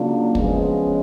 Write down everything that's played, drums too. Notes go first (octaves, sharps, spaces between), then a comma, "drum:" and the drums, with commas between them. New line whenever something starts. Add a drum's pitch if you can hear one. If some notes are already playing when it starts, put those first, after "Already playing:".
Already playing: C#3 F#3 A#3 D4 F4
C#3 F3 G#3 B3, drum: kick